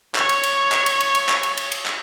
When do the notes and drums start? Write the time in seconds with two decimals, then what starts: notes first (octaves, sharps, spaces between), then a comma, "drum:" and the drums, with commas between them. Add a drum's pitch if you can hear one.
0.15 C#5 C#6, drum: clap
0.29 drum: cymbal
0.43 drum: cymbal
0.72 drum: clap
0.86 drum: cymbal
1.00 drum: cymbal
1.15 drum: cymbal
1.29 drum: clap
1.43 drum: cymbal
1.57 drum: cymbal
1.72 drum: cymbal
1.86 drum: clap